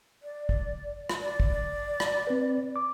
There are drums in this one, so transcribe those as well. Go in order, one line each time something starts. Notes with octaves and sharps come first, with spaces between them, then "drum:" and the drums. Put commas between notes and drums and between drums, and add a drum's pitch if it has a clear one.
D5
drum: kick
drum: rim click
D5
drum: kick
drum: rim click
C4 B4
D6